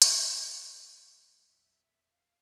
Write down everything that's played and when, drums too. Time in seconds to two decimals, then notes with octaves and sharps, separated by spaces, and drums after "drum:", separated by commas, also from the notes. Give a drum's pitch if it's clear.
0.02 F2 A2 F#3, drum: hi-hat
0.43 A#1 G#3 F#5
1.50 E2 A#2 F#3 E5
2.12 F5